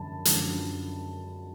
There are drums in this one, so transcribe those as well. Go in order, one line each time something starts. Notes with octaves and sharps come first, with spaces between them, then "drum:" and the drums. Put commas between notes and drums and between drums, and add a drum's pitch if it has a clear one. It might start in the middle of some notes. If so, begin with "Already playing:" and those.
Already playing: F#2 D3 F3 G#3 A5 B5
F#2 D3 F3 G#3, drum: hi-hat